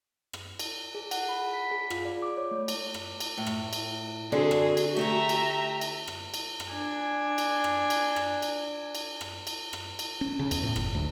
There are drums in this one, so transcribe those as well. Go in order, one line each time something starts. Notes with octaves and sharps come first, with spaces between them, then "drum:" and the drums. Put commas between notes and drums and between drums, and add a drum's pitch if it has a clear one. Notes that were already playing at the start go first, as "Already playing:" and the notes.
drum: rim click
drum: cymbal
G#4
F#5, drum: cymbal
B5
B6
G#4
F4, drum: rim click
D5
D6
C#5
A3
drum: cymbal
drum: rim click
drum: cymbal
A2
drum: rim click
drum: cymbal
D3 C4 D4 F#4 G#4 A4
drum: rim click
drum: cymbal
A3 G4 A4 E5 A#5
drum: cymbal
drum: cymbal
drum: rim click
drum: cymbal
drum: rim click
D4 G#5
drum: cymbal
drum: rim click
drum: cymbal
drum: rim click
drum: cymbal
drum: cymbal
drum: rim click
drum: cymbal
drum: rim click
drum: cymbal
C#4
C#3
E2, drum: cymbal
A2
F#1, drum: rim click
D2